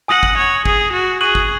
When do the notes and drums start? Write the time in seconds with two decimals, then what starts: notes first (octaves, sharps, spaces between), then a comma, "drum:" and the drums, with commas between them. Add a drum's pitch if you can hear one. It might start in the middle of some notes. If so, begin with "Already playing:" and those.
0.08 F#5 G#5 D#6 A#6 D#7 F#7
0.23 drum: kick
0.37 C#5
0.66 G#4, drum: kick
0.93 F#4
1.21 G#4 C#6 F#6 D#7 F#7
1.35 drum: kick